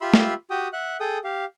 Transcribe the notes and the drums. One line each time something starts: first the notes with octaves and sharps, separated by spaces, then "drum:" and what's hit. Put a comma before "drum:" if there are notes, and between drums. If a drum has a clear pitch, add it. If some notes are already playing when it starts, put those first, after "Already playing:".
F4 G4 E5 B5 C6 E6
drum: snare A3
F#4 G4 G5 D#6
E5 F#5 F#6
G#4 A4 G5 D#6
G4 F5